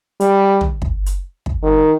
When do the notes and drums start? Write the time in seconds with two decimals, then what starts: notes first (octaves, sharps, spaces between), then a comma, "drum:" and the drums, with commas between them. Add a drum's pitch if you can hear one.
0.20 G3, drum: hi-hat
0.61 drum: tom
0.82 drum: kick
1.06 drum: hi-hat
1.46 drum: kick
1.63 D#3